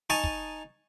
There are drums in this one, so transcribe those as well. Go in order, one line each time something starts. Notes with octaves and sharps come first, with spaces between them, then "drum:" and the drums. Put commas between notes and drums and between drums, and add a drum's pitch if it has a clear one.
D#4 G#5 A5 C#6
drum: kick